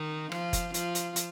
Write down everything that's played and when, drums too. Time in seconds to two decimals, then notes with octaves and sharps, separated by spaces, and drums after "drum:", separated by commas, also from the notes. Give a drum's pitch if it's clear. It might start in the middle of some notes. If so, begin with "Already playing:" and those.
Already playing: D#3 D#4
0.32 F3 F4, drum: rim click
0.53 drum: kick F#1, hi-hat
0.74 F3 F4, drum: hi-hat
0.95 drum: hi-hat
1.16 drum: hi-hat